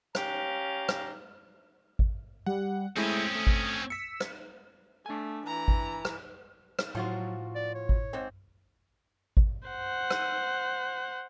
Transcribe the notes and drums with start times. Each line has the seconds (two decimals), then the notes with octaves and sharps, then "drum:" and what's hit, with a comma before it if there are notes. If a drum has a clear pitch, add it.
0.15 C#4 G4 F5 A#5, drum: rim click
0.89 drum: rim click
1.99 drum: kick G#1
2.46 G3 F#5
2.97 G#3 A3 C4 C#4 E4 D#6
3.35 A3
3.47 drum: kick G#1
3.90 E6 B6 C#7
4.20 drum: rim click
5.06 A3 D4 G#5
5.46 E3 A#5
5.68 drum: kick G#1
6.05 drum: rim click
6.79 drum: rim click
6.95 A2 F3 F#3 F4 F#4
7.55 D5
7.75 C#5
7.89 drum: kick G#1
8.13 G#2 C4
9.37 drum: kick G#1
9.69 C5 F#5
10.10 drum: rim click